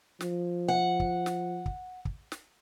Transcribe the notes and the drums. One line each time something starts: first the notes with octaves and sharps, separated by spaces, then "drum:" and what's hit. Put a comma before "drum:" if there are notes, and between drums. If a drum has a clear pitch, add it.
F3, drum: snare
F#5
drum: kick
drum: snare
drum: kick
drum: kick
drum: snare